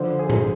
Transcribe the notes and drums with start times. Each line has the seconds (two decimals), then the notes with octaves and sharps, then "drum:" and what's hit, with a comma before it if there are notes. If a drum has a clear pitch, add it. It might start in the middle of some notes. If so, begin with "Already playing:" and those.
Already playing: D3 F3 C5
0.19 G#4
0.30 drum: tom A2